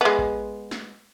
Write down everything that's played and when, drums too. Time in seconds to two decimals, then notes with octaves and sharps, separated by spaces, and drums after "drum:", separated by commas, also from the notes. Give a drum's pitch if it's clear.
0.01 G#3 B3
0.19 drum: kick A1
0.71 drum: snare